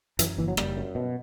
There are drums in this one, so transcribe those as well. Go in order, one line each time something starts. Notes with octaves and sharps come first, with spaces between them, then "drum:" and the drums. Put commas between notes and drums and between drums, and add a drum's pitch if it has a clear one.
F#2 E3, drum: hi-hat
F#1 E3
F#3
F#1 G3, drum: rim click
F#2
B2